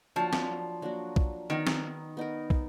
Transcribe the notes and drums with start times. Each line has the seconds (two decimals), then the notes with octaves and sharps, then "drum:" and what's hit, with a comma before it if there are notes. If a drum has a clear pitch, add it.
0.16 F3 F#3 A#3 D4 F#4
0.33 drum: snare
0.82 F#3 A#3 D4 F#4
1.16 drum: kick
1.50 D#3 B3 D#4 A#4
1.67 drum: snare
2.17 B3 D#4 A#4
2.50 drum: kick